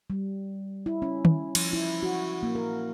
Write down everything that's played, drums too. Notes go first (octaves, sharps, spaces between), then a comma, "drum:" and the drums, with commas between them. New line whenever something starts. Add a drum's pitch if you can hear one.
G3
E4
C#4
drum: tom
F3, drum: cymbal
E4
F#4
A#3
A#4